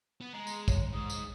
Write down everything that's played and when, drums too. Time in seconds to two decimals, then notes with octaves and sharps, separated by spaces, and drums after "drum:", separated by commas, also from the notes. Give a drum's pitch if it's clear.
0.21 B3
0.33 G#3 A#5
0.47 drum: tambourine
0.68 C#5, drum: kick, tambourine
0.93 G#2 D#6
1.10 drum: tambourine